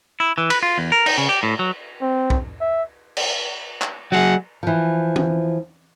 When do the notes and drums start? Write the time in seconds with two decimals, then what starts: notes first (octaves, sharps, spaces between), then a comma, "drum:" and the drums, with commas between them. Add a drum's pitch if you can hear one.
0.20 E4
0.38 E3
0.50 B4, drum: cymbal
0.63 F4
0.78 E2
0.92 A#4
1.06 D#4, drum: cymbal
1.18 C#3
1.29 G4
1.43 A2
1.59 F#3
2.01 C4
2.30 drum: kick
2.61 E5
3.17 drum: cymbal
3.82 drum: clap
4.12 F#3 G#4 F#5
4.63 E3 F3
5.16 drum: tom E3